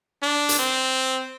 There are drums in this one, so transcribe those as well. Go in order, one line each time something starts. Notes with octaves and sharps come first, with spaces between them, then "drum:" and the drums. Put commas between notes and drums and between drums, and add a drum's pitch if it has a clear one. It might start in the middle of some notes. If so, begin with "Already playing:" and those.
D4
drum: hi-hat
C4